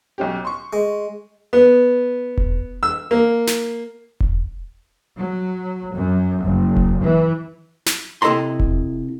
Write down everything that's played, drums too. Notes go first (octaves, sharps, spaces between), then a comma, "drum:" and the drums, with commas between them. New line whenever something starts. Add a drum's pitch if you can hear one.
B1 C#4 G4
C6 C#6
G#3
B3
drum: kick E1
E6
A#3
drum: snare
drum: kick E1
F#3
F#2
F#1
drum: kick E1
E3
drum: snare
C3 E4 A4 D#5 A#5 C6
drum: kick E1